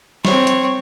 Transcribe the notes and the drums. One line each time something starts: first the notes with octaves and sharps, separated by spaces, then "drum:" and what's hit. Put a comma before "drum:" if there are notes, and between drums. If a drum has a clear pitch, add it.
C4 C#5, drum: snare
drum: hi-hat